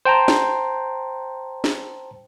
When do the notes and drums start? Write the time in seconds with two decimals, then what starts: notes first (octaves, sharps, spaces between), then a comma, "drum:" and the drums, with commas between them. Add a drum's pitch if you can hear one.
0.05 C5 G5 A5 A#5
0.28 drum: snare
1.64 drum: snare